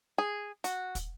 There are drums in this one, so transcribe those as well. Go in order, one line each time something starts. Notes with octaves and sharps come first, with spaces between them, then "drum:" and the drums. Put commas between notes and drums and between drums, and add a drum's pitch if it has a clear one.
G#4
F#4, drum: hi-hat
drum: kick, hi-hat